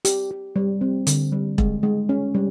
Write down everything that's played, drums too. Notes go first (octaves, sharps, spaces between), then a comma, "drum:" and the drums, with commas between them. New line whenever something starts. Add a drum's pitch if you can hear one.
G4, drum: hi-hat
G4
G3
C4
D3, drum: hi-hat
G3
G#3, drum: kick E1
G#3
C#4
G3